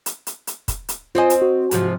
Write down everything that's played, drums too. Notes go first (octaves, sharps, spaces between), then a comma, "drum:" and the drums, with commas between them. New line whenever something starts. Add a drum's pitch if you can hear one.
drum: hi-hat
drum: hi-hat
drum: hi-hat
drum: kick, hi-hat
drum: hi-hat
C4 F4 C5 D#5 G#5
drum: hi-hat
F#4
G#2 C3 F3, drum: hi-hat